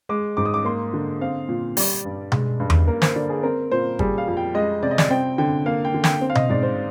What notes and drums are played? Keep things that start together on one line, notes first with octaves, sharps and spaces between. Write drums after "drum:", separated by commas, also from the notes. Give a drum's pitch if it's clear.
G#3 D6
G#2 D6
D#6
D6
A#3 C6
D3
C4 F5
A#2
G3 D5, drum: open hi-hat
G2
G#3, drum: tom B2
G2
drum: tom E2
A#3 A#4
C5, drum: snare
D3 D5
G#4
C4 A#4
A#2 C5
G3 G#4, drum: kick G1
F5
F2
G5
G#3 D#5
C3 D5
D#5
D5, drum: snare
C4 G5
D3 G5
A#3 F5
G5
D3
G5, drum: snare
C4
F5
D#5, drum: tom B2
G#2 D5
C5